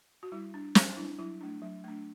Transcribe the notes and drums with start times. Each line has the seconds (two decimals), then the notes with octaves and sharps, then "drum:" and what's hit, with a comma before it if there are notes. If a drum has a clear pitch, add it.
0.23 F#4
0.32 G3 E4
0.54 D4
0.75 G3, drum: snare
0.97 D4 E4
1.19 F#3 E4
1.41 A3 D4
1.62 F#3
1.84 A3 D4